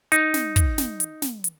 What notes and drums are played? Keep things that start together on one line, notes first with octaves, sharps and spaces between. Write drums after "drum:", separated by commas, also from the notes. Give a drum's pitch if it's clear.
D#4, drum: hi-hat
drum: snare
drum: kick, hi-hat
drum: snare
drum: hi-hat
drum: snare
drum: hi-hat